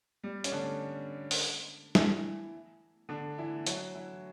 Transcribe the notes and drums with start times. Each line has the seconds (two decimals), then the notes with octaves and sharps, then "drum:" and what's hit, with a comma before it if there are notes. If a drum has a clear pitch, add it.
0.23 G3
0.44 C#4, drum: hi-hat
0.52 D3 D4
1.31 drum: open hi-hat
1.95 E3 E4, drum: snare
3.09 D3 D4
3.38 E3 E4
3.67 F#3 F#4, drum: hi-hat
3.95 E3 E4